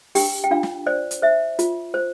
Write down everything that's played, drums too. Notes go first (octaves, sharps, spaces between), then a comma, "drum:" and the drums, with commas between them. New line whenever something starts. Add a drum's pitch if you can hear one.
D4 G4 G5, drum: open hi-hat
G5
D4 F4 F5
drum: snare
C5 D5
drum: hi-hat
C5 E5
F4, drum: hi-hat
C5